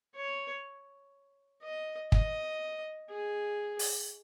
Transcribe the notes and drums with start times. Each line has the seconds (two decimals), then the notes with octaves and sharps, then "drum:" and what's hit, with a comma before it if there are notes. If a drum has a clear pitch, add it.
0.15 C#5
1.63 D#5
2.12 D#5, drum: kick
3.10 G#4
3.79 drum: open hi-hat